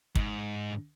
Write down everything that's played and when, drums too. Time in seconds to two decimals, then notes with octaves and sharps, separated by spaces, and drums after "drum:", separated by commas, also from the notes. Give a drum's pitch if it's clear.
0.15 G#2, drum: kick